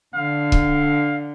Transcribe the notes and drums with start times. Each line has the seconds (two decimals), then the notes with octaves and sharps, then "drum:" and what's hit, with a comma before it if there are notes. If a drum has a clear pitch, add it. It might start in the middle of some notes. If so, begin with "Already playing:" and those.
0.14 D3 F5
0.52 drum: kick